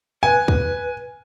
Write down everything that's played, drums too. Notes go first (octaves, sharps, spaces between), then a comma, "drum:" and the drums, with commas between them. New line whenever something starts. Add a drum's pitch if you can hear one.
B4 G#5
drum: kick